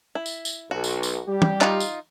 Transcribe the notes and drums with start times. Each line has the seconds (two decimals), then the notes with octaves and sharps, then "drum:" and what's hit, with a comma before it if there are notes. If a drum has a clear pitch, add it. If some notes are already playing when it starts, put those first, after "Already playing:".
0.15 E4
0.26 drum: tambourine
0.45 drum: tambourine
0.71 B1 F#4
0.84 drum: tambourine
1.03 drum: tambourine
1.28 G3 G4
1.42 drum: tom
1.61 D#4 F4, drum: clap
1.80 drum: tambourine